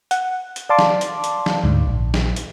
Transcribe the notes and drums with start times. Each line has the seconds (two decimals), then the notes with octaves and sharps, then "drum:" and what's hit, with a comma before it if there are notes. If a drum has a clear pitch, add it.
0.11 F#5, drum: hi-hat
0.56 drum: hi-hat
0.69 D5 F5 A5 C6 D6
0.79 drum: snare
1.01 drum: hi-hat
1.24 drum: hi-hat
1.46 drum: snare
1.64 D2 G#2
1.87 A#1
2.14 drum: snare
2.36 drum: hi-hat